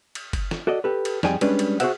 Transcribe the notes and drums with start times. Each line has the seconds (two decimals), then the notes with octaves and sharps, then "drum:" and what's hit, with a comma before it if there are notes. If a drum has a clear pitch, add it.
0.15 drum: cymbal
0.33 drum: kick F#1, cymbal
0.51 drum: snare
0.67 F#4 A4 D5 D#5
0.84 G4 A4 B4
1.05 drum: cymbal
1.23 F2 G3 D#4 G#4 G5 G#5, drum: snare
1.41 G3 G#3 C#4 D4 B4, drum: cymbal
1.59 drum: cymbal
1.80 F#4 G#4 A#4 C5 E5 F#5, drum: cymbal